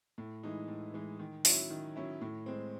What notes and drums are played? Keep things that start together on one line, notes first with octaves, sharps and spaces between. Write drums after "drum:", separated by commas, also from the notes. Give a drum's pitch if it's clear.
A2
E3 G#3 D#4
A2
E3 G#3 D#4
D#3
F#3 C#4 E4, drum: open hi-hat
D#3
F#3 C#4 E4
A2
G#3 C4